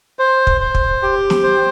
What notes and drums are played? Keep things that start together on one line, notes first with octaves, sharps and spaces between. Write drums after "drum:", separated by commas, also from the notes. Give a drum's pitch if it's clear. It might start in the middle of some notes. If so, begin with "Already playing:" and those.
C5
drum: kick
C5
drum: kick
G4
drum: snare
C5